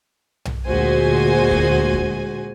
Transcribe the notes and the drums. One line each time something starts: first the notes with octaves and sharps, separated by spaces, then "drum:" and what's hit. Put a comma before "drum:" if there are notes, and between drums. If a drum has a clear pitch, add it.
drum: tom B1
D2 A#2 G#3 F#4 C5 G#5
drum: kick
drum: kick